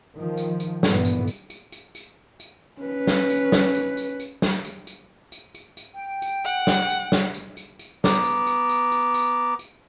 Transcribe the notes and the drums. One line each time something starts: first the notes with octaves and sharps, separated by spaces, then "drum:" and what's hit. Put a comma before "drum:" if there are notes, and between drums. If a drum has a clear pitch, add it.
D#3 F3
drum: tambourine
drum: tambourine
G#1 G2 A#2 D3 E3 B3, drum: snare
drum: tambourine
drum: tambourine
drum: tambourine
drum: tambourine
drum: tambourine
drum: tambourine
C#4 B4
drum: snare
drum: tambourine
drum: snare
drum: tambourine
drum: tambourine
drum: tambourine
drum: snare
drum: tambourine
drum: tambourine
drum: tambourine
drum: tambourine
drum: tambourine
G5
drum: tambourine
F#5, drum: tambourine
drum: snare
drum: tambourine
drum: snare
drum: tambourine
drum: tambourine
drum: tambourine
B3 A#5 D6, drum: snare
drum: tambourine
drum: tambourine
drum: tambourine
drum: tambourine
drum: tambourine
drum: tambourine